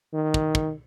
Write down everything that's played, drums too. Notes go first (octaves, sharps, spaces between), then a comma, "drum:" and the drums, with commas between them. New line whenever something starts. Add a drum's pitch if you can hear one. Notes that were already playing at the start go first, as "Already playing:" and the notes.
D#3
drum: kick
drum: kick